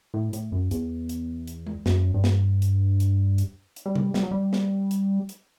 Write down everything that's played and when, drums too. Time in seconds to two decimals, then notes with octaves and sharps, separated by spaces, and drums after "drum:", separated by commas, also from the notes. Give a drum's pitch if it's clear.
0.14 A2
0.33 A2, drum: hi-hat
0.52 F#2
0.71 E2, drum: hi-hat
1.09 drum: hi-hat
1.47 drum: hi-hat
1.67 drum: tom G#3
1.86 F#2, drum: snare
2.14 G2
2.24 drum: snare
2.62 drum: hi-hat
3.00 drum: hi-hat
3.38 drum: hi-hat
3.76 drum: hi-hat
3.86 G3
3.95 drum: tom C3
4.14 G3, drum: snare
4.23 F#3
4.31 G3
4.53 drum: snare
4.91 drum: hi-hat
5.29 drum: hi-hat